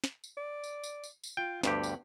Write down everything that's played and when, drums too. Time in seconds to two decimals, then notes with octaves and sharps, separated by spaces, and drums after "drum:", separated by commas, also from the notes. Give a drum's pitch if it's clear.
0.04 drum: snare
0.24 drum: tambourine
0.37 D5
0.64 drum: tambourine
0.84 drum: tambourine
1.04 drum: tambourine
1.23 drum: tambourine
1.37 F4 G5
1.63 D2 G2 B3 G4, drum: snare
1.83 drum: tambourine